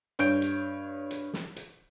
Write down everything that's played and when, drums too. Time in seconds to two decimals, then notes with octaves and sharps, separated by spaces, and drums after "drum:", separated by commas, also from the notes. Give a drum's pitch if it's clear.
0.19 G2 C#5 G6 D7, drum: hi-hat
0.42 drum: hi-hat
1.11 drum: hi-hat
1.33 drum: snare
1.56 drum: hi-hat